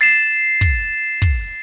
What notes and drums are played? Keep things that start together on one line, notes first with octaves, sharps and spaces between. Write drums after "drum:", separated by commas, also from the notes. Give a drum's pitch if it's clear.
A6 C7 E7
drum: kick
drum: kick